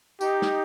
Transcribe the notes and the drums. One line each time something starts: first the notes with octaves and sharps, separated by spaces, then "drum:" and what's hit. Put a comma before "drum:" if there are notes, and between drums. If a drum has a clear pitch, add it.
D#4 G4, drum: tambourine
drum: snare